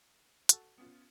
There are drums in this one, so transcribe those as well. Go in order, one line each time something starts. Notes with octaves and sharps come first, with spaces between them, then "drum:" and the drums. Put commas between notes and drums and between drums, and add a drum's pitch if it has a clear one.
F#4 A4, drum: hi-hat
B3 C#4 F4